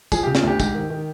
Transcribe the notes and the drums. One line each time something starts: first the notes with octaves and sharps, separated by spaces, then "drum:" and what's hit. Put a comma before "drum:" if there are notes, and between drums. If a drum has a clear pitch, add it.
F3 G#4, drum: kick, tambourine
G4
C#3
F4, drum: snare
D2 G4
G#2, drum: kick, tambourine
D#3
D#3